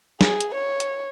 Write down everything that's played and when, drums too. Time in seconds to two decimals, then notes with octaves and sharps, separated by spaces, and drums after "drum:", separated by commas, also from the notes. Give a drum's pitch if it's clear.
0.21 G#4, drum: snare
0.40 drum: hi-hat
0.55 C#5
0.80 drum: hi-hat